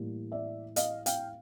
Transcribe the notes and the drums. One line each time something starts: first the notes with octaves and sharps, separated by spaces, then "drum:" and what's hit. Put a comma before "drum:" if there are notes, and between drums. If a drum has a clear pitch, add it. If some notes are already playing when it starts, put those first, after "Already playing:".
Already playing: A2 E3 G3 A#3
D5 E5
D#5 F5, drum: hi-hat
F5 G5, drum: hi-hat